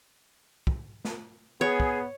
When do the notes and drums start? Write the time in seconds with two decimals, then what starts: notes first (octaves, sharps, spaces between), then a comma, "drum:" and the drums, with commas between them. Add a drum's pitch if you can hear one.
0.67 drum: kick
1.05 drum: snare
1.61 B3 G#4 C#5
1.80 drum: kick